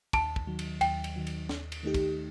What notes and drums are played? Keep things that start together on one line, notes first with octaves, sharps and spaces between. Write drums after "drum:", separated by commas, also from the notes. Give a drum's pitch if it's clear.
D#2 A5, drum: kick, cymbal
drum: kick
D#3 F#3
drum: cymbal
D#2 G5, drum: cymbal
drum: cymbal
D#3 F#3
drum: cymbal
D#2, drum: snare
drum: cymbal
D#3 A3 D#4 G4
drum: kick, cymbal